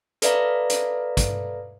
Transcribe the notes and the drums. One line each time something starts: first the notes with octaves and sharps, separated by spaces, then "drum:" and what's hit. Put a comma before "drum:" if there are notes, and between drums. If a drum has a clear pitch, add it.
A4 B4 D5 E5 F5 A#5, drum: hi-hat
drum: hi-hat
drum: kick, hi-hat